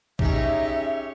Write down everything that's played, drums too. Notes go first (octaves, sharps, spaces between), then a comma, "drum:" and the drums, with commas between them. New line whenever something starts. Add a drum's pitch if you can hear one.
C#4 D#4 G4 G#4 C#5 E5, drum: kick